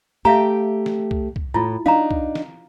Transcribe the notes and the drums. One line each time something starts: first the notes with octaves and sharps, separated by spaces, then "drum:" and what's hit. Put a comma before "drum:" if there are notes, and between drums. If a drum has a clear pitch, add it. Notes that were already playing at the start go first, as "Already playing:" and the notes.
A3 G4 E5 F5 G5 A#5
drum: snare
drum: kick C2
drum: kick C2
A2 E4 F4
D4 D#4 F5 A#5
drum: kick C2
drum: snare